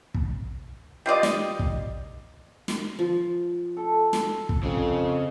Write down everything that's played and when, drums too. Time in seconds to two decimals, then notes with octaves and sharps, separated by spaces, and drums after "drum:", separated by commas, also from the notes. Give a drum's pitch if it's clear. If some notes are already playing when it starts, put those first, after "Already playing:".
0.14 drum: kick
1.06 G3 F4 D5 D#5
1.23 drum: snare
1.59 drum: kick
2.68 drum: snare
2.99 F3
3.77 A4
4.13 drum: snare
4.49 drum: kick
4.63 F2 C#3